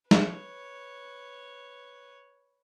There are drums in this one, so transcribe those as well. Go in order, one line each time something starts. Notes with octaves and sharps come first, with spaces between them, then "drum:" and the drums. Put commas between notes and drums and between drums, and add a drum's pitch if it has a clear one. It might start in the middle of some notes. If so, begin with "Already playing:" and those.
B4 C#5, drum: snare